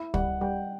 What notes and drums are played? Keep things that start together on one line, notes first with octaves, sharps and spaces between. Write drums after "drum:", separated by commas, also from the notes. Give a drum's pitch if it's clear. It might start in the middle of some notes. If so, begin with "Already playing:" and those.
Already playing: E4
G3 F#5, drum: kick
G3 G5